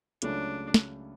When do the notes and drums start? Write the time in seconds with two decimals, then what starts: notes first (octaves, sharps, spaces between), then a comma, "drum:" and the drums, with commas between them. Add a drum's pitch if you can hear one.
0.22 C#2 C#3 F#3 A3 C#4 D4, drum: hi-hat
0.74 drum: snare